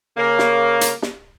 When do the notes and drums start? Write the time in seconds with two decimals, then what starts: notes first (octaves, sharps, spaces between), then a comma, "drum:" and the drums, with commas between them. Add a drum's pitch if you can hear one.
0.17 C#3 A#3
0.39 drum: snare
0.81 drum: hi-hat
1.02 drum: snare